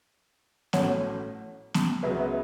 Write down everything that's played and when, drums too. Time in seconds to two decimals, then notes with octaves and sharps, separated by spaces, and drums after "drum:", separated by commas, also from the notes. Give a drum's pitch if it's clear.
0.73 A1 A2 A3 C#4 F#4 C#5 F#5, drum: snare B3
1.74 drum: snare B3
2.03 C#2 C#3 F#3 B3 B4 E5
2.19 B4 E5